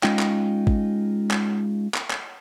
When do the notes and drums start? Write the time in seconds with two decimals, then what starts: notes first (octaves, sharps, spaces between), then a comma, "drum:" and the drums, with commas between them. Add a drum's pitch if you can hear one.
0.03 G#3 C#4 D#4 F4 G5, drum: clap
0.19 drum: clap
0.67 drum: kick
1.31 drum: clap
1.94 drum: clap
2.10 drum: clap